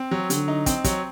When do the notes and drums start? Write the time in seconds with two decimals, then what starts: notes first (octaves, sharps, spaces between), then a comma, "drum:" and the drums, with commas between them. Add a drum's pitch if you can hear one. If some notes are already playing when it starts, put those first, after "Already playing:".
Already playing: C4
0.11 F#3
0.30 D3 F#3, drum: hi-hat
0.48 D#4
0.66 C4, drum: kick, hi-hat
0.84 F#3, drum: kick, hi-hat